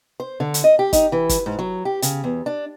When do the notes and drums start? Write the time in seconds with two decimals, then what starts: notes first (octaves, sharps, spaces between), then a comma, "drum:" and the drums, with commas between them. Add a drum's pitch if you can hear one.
0.20 C5
0.40 D3
0.54 drum: hi-hat
0.64 D#5
0.79 G4
0.93 D#4, drum: kick, hi-hat
1.12 E3
1.29 drum: kick, hi-hat
1.46 G#2
1.59 F#3
1.85 G4
2.02 C#3, drum: hi-hat
2.24 E2
2.46 D4